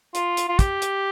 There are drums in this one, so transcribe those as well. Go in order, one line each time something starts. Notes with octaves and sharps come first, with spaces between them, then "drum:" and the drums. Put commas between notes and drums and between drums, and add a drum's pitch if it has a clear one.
F4, drum: hi-hat
drum: hi-hat
F4
G4, drum: kick, hi-hat
drum: hi-hat